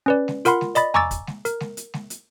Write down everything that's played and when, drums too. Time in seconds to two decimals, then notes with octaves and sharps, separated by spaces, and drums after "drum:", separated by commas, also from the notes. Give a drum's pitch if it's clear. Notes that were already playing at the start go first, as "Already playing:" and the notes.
0.06 C#4 B4 D5
0.28 drum: snare G#3
0.45 F4 A#4 F#5 B5 C6, drum: hi-hat
0.61 drum: snare G#3
0.75 D5 D#5 B5 A6, drum: hi-hat
0.94 G#5 A#5 C#6 D6 E6 A6, drum: tom E2
1.11 drum: kick, hi-hat
1.27 drum: snare G#3
1.45 A#4, drum: hi-hat
1.60 drum: snare G#3
1.77 drum: hi-hat
1.94 drum: snare G#3
2.10 drum: hi-hat